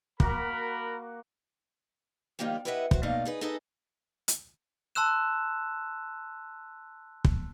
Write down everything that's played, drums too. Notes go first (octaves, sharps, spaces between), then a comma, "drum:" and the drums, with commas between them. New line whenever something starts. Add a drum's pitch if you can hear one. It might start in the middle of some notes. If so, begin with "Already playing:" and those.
A#3 F#4 A#4 B5, drum: kick
D#3 F3 G3 A#3 D#4 G4
E4 G4 B4 D#5 E5 F#5
F#4 C5, drum: kick
B2 A3 A#3 D#4 D5 F5
D#4 G#4 B4
D#4 G#4 A4 B4 D#5
drum: hi-hat
A5 C6 E6 F#6 E7
drum: kick